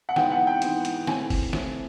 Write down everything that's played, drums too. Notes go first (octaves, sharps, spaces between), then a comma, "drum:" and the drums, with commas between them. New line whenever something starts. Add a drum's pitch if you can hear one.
F#5
E3 G#3 B3 D#4 G5, drum: snare
F#5
G5
E3 G#3 B3 D#4, drum: hi-hat
drum: hi-hat
E3 A3 C4 G#5, drum: snare
drum: kick F#1, open hi-hat
E3 A3 C4, drum: snare